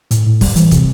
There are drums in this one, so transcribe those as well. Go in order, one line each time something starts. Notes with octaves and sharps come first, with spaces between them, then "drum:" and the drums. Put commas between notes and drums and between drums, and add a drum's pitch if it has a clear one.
A2, drum: hi-hat
A2
G3, drum: kick, open hi-hat
E3, drum: hi-hat
C3, drum: kick, hi-hat